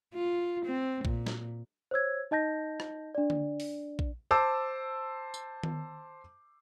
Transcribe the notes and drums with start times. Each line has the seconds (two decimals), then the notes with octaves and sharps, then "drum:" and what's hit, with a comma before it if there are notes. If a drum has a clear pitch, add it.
0.14 F4
0.65 C4
1.05 A#2, drum: kick A#1
1.26 drum: snare
1.91 C5 C#5 E6 G#6
2.31 D#4 D#5 A5 G6 A#6
2.80 drum: rim click
3.15 D4 D5
3.30 drum: tom D3
3.60 drum: open hi-hat
3.99 drum: kick A#1
4.31 C5 A5 D6 E6
5.34 drum: tambourine
5.63 drum: tom D#3